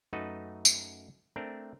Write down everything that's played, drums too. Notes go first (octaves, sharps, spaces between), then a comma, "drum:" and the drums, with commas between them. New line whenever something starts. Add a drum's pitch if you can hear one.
F#2 A3 D#4 F#4 B4 D#5
drum: tambourine
A3 C4 D4 A#4